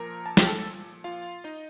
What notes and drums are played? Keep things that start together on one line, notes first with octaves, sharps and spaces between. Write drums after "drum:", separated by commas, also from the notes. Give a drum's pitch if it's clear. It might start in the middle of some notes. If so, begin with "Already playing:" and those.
Already playing: A#2 F3 A#4 A#5
A5
G5, drum: snare
A4 A5
F4 F5
D#4 D#5